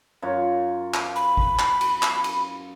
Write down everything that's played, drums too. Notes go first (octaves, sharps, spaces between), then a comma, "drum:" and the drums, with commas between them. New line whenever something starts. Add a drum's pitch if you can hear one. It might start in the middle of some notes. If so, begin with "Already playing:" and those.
F#2 F4 C#5
drum: clap
B5
drum: kick G#1
drum: clap
drum: cymbal
drum: clap
drum: cymbal